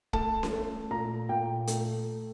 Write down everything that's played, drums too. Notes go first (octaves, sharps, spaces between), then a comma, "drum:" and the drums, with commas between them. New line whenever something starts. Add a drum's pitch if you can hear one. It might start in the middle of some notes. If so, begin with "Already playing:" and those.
A3 A5, drum: kick
drum: snare C#4
A3
A#2 A#5
A#2 G5
A3, drum: hi-hat